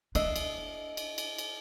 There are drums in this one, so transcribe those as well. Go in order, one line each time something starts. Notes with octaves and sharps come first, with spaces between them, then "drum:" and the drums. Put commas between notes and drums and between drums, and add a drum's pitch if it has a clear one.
D4 D#5 E5 C7, drum: cymbal
drum: cymbal
drum: cymbal
drum: cymbal
drum: cymbal